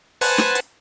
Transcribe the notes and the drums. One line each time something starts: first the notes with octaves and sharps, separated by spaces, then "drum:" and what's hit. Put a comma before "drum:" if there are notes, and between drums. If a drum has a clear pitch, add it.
B4 C5 F#5 G#5 A5, drum: open hi-hat
drum: snare
drum: hi-hat